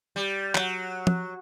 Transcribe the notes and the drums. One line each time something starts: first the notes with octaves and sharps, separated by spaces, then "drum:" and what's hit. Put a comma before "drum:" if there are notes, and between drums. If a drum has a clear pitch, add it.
G3
F#3, drum: clap
drum: tom